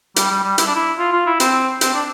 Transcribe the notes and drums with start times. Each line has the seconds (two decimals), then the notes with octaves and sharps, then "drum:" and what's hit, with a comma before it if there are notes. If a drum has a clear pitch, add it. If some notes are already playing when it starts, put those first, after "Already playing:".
0.16 G3, drum: hi-hat
0.30 G3
0.43 G3
0.58 E4, drum: hi-hat
0.66 D4
0.75 E4
0.99 F4
1.13 F4
1.26 E4
1.40 C4, drum: hi-hat
1.81 C4, drum: hi-hat
1.94 D4